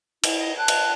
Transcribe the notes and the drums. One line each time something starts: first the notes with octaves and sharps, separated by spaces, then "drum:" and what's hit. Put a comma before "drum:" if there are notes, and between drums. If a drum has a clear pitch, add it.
E4, drum: cymbal
D#5
A5 F#6
drum: cymbal